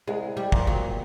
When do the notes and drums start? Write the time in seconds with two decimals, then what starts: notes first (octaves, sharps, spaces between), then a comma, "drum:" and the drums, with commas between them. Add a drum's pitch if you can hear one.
0.08 C2 G#3
0.37 G3
0.52 A#2, drum: kick
0.67 F#3